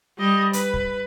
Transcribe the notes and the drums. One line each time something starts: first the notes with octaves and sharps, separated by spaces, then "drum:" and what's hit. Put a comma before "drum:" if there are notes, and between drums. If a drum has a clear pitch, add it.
G3 D#5
B4, drum: hi-hat
drum: kick